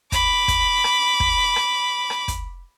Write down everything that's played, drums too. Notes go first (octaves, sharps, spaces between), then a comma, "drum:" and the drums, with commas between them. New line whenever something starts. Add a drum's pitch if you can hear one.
B5 D6, drum: kick, hi-hat
drum: kick, hi-hat
drum: rim click
drum: kick
drum: rim click
drum: rim click
drum: kick, hi-hat